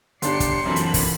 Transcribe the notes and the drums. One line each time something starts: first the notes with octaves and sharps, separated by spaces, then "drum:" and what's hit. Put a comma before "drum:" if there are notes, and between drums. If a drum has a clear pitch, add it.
G1 D4 G4 D5 C6 C7 C#7, drum: hi-hat
drum: kick, hi-hat
F#2 A#2 E3 C4 D4 A4 B5
drum: hi-hat
drum: kick, open hi-hat